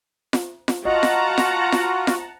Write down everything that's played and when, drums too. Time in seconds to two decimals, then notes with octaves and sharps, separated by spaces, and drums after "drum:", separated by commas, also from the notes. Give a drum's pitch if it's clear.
0.33 drum: snare F4
0.68 drum: snare F4
0.85 F4 F#4 D#5 F#5 A5 A#5
1.03 drum: snare F4
1.38 drum: snare F4
1.72 drum: snare F4
2.07 drum: snare F4